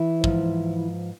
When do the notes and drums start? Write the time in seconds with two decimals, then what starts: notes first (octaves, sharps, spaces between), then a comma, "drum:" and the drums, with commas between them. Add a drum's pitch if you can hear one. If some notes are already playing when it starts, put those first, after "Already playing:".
Already playing: E3 E4
0.24 G#2 F3, drum: kick